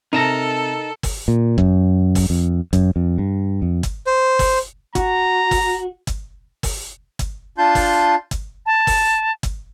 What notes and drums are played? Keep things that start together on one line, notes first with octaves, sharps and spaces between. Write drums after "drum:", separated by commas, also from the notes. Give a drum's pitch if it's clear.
C3 D#4 A4 A#4 A5 A#5
drum: kick, open hi-hat
A#2
F#2, drum: kick
drum: kick, open hi-hat
F2
F#2, drum: kick, hi-hat
F2
G2
F2
drum: kick, hi-hat
C5
drum: kick, open hi-hat
F#4 A#5, drum: kick, hi-hat
drum: kick, open hi-hat
drum: kick, hi-hat
drum: kick, open hi-hat
drum: kick, hi-hat
D4 F4 A5 C6 G6
drum: kick, open hi-hat
drum: kick, hi-hat
A5
drum: kick, open hi-hat
drum: kick, hi-hat